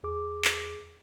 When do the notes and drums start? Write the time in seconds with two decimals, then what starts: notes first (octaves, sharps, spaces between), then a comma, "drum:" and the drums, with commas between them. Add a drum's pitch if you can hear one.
0.03 E2 G#4 D6
0.45 drum: clap